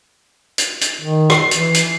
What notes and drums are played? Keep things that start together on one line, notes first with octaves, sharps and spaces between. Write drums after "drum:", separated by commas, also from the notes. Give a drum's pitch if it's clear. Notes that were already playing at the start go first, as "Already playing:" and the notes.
drum: hi-hat
drum: hi-hat
D#3
C7, drum: rim click
E3, drum: hi-hat
drum: hi-hat